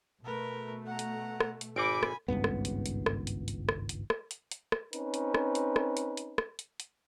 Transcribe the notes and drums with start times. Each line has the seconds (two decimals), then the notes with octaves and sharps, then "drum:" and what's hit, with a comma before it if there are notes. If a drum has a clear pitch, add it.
0.24 B2 A3 A#4 B4
0.86 F#5 A#5
0.99 drum: hi-hat
1.40 drum: rim click
1.61 drum: hi-hat
1.76 G#1 C4 F#5 G#5 B5 D6 D7
2.03 drum: rim click
2.28 G#1 C#2 G2 B3
2.44 drum: rim click
2.65 drum: hi-hat
2.86 drum: hi-hat
3.06 drum: rim click
3.27 drum: hi-hat
3.48 drum: hi-hat
3.69 drum: rim click
3.89 drum: hi-hat
4.10 drum: rim click
4.31 drum: hi-hat
4.51 drum: hi-hat
4.72 drum: rim click
4.93 C4 C#4 D#4 B4, drum: hi-hat
5.14 drum: hi-hat
5.34 drum: rim click
5.55 drum: hi-hat
5.76 drum: rim click
5.97 drum: hi-hat
6.17 drum: hi-hat
6.38 drum: rim click
6.59 drum: hi-hat
6.80 drum: hi-hat